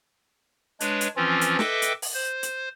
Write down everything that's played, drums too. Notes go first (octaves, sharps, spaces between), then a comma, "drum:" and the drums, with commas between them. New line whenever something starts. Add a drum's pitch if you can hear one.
G#3 D4 B4 C#5, drum: hi-hat
drum: hi-hat
E3 F3 C4 C#4 F4
drum: hi-hat
A4 B4 D#5 E5 G5 D6, drum: snare
drum: hi-hat
drum: open hi-hat
C5
drum: hi-hat